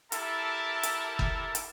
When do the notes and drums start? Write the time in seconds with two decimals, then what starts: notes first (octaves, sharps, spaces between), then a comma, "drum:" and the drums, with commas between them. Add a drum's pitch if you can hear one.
0.12 E4 G4 A4 A#4 E5 A5, drum: hi-hat
0.83 drum: hi-hat
1.19 drum: kick F#1
1.55 drum: hi-hat